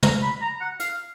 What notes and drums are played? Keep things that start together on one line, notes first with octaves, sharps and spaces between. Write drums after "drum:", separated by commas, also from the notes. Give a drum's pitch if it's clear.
A#5, drum: tom
B5
A#5
F#5
F5, drum: hi-hat